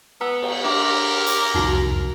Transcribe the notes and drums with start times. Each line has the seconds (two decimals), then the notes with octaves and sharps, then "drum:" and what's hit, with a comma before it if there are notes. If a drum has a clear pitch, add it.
0.21 B3 A#5 E6
0.42 drum: cymbal
0.64 D4 G4 A#4 E5 D6
1.27 drum: hi-hat
1.55 E1 C2 F2 D#4 F#4